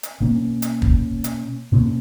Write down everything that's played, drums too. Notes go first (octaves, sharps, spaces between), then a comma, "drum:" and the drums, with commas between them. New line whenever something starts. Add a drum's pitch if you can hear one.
drum: hi-hat
B2 A#3 C#4
drum: hi-hat
drum: kick
drum: hi-hat
B2 A#3 C#4